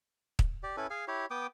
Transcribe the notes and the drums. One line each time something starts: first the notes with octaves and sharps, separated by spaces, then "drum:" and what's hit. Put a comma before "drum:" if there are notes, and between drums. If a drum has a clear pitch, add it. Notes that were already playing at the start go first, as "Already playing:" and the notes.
drum: kick
G4 D5
C#4 E4 A4 B4
G#4 F5 G#5
E4 G4 C#5
B3 G5 D6 D#6